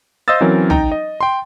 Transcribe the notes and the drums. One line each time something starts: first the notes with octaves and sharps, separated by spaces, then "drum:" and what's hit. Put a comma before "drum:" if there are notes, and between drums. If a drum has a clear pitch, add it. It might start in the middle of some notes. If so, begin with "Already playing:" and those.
C5 D#5 F5 D#6 E6 A6
E3 F#3 C4 C#4 A#4
D#4 G5 A#5, drum: tom B1
D#5
G5 C6